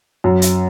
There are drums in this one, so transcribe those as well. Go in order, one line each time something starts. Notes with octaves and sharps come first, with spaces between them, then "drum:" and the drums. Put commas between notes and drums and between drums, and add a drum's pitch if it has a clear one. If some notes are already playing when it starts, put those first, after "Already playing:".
F#2
drum: hi-hat